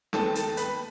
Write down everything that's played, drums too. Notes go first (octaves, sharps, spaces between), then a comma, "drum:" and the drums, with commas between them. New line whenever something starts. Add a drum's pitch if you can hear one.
D#2 D#3 G#3 B3 A4 A5, drum: snare
A4 A5, drum: hi-hat
B4 B5, drum: hi-hat